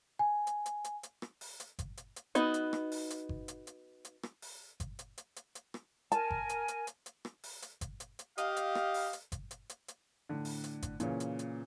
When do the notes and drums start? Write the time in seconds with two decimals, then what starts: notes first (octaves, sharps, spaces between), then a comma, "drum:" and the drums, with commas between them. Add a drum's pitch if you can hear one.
0.19 G#5
0.47 drum: hi-hat
0.66 drum: hi-hat
0.84 drum: hi-hat
1.03 drum: hi-hat
1.22 drum: rim click
1.41 drum: open hi-hat
1.60 drum: hi-hat
1.79 drum: kick G1, hi-hat
1.97 drum: hi-hat
2.16 drum: hi-hat
2.35 B3 D#4 F#4, drum: hi-hat
2.54 drum: hi-hat
2.73 drum: rim click
2.92 drum: open hi-hat
3.10 drum: hi-hat
3.29 drum: kick G1
3.48 drum: hi-hat
3.67 drum: hi-hat
4.05 drum: hi-hat
4.23 drum: rim click
4.42 drum: open hi-hat
4.80 drum: kick G1, hi-hat
4.99 drum: hi-hat
5.18 drum: hi-hat
5.36 drum: hi-hat
5.55 drum: hi-hat
5.74 drum: rim click
6.12 A#4 G#5 A5, drum: hi-hat
6.31 drum: kick G1
6.49 drum: hi-hat
6.68 drum: hi-hat
6.87 drum: hi-hat
7.06 drum: hi-hat
7.25 drum: rim click
7.43 drum: open hi-hat
7.62 drum: hi-hat
7.81 drum: kick G1, hi-hat
8.00 drum: hi-hat
8.19 drum: hi-hat
8.38 G4 D#5 F5, drum: hi-hat
8.56 drum: hi-hat
8.75 drum: rim click
8.94 drum: open hi-hat
9.13 drum: hi-hat
9.32 drum: kick G1, hi-hat
9.51 drum: hi-hat
9.69 drum: hi-hat
9.88 drum: hi-hat
10.29 A2 D3
10.45 drum: open hi-hat
10.64 drum: hi-hat
10.82 drum: kick G1, hi-hat
11.00 A#2 C#3 E3 C#4, drum: hi-hat
11.20 drum: hi-hat
11.39 drum: hi-hat